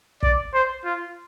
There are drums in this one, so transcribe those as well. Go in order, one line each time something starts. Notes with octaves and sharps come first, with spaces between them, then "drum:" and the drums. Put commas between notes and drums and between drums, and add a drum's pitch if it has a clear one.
D5, drum: kick
C5
F4